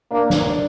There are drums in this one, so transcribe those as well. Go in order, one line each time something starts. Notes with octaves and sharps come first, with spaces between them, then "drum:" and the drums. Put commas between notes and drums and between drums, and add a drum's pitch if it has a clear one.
A#3 D4
drum: snare
D4